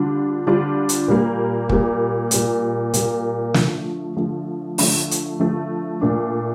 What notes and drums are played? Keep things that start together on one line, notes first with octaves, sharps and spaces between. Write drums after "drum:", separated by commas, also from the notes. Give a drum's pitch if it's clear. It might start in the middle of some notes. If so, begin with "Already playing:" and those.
Already playing: D3 G3 D4 F4
D3 G3 D4 F4
drum: hi-hat
A#2 G3 A#3
A#2 G3 A#3, drum: kick
A#2 G3 A#3, drum: hi-hat
A#2 G3 A#3, drum: hi-hat
D3 F3 A3, drum: snare
D3 F3 A3
D3 F3 A3, drum: open hi-hat
drum: hi-hat
D3 F3 A3
A#2 A3 D4